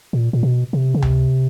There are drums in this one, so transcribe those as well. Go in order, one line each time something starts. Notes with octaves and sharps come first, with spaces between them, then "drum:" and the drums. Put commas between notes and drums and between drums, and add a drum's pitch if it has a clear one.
A#2
A#2
B2
C3
C#3
C3, drum: tom C#2